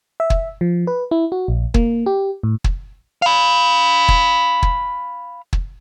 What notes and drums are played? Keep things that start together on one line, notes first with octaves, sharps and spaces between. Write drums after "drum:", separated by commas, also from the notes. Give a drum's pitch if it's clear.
E5
drum: kick
F3
B4
E4
F#4
A#1
A#3, drum: kick
G4
A2
drum: kick
F5 B5
drum: kick
drum: kick
drum: kick